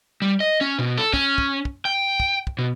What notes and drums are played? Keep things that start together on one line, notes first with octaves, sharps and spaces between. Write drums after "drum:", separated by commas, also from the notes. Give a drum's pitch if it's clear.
G3
D#5
C#4
B2
A4
C#4, drum: kick
drum: kick
drum: kick
G5
drum: kick
drum: kick
B2